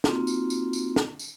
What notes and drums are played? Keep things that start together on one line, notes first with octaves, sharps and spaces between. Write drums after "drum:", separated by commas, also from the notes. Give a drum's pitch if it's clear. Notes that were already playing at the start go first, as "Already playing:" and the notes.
A#3 C4 D#4 F4 F#4, drum: snare
drum: tambourine
drum: tambourine
drum: tambourine
drum: snare
drum: tambourine